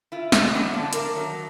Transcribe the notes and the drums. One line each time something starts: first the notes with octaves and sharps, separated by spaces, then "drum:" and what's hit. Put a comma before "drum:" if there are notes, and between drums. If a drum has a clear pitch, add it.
E4 F4
D#5, drum: snare
E3 F#3 G3 A3 B3 C#4
F2 A2 D3 D5 F5
D4 A#4 F5, drum: hi-hat
D#3 F#3 A#4